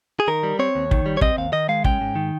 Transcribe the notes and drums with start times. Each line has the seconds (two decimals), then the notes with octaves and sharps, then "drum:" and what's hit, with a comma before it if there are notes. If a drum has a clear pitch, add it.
0.20 G#4
0.28 D#3 A#4
0.43 G3
0.59 C4 C#5
0.75 D#2
0.91 D#3, drum: kick
1.06 G3
1.17 C#5
1.21 C4 D#5, drum: kick
1.38 D#2 F5
1.53 D#3 D#5
1.69 G#3 F5
1.84 C#4 G5, drum: kick
2.01 G#2
2.16 D#3